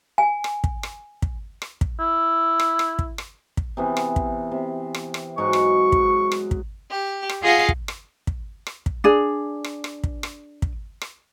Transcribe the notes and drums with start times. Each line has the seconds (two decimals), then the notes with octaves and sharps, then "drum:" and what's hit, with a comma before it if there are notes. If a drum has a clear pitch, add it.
0.18 G#5
0.44 drum: rim click
0.64 drum: kick
0.83 drum: rim click
1.22 drum: kick
1.62 drum: rim click
1.81 drum: kick
1.99 E4
2.60 drum: rim click
2.79 drum: rim click
2.99 drum: kick
3.18 drum: rim click
3.57 drum: kick
3.77 C3 E3 B3
3.97 drum: rim click
4.16 drum: kick
4.51 C3
4.94 drum: rim click
5.14 drum: rim click
5.38 G#2 F#3 F#4 C#6
5.53 drum: rim click
5.92 drum: kick
6.32 drum: rim click
6.51 drum: kick
6.90 G4
7.29 drum: rim click
7.43 F4 G#4 D#5 F5 F#5
7.69 drum: kick
7.88 drum: rim click
8.27 drum: kick
8.67 drum: rim click
8.86 drum: kick
9.04 D4 G#4
9.64 drum: rim click
9.84 drum: rim click
10.04 drum: kick
10.23 drum: rim click
10.62 drum: kick
11.01 drum: rim click